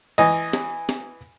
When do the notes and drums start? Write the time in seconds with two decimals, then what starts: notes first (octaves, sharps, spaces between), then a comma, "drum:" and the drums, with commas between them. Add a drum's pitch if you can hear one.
0.18 E3 D#5, drum: cymbal
0.53 drum: snare
0.89 drum: snare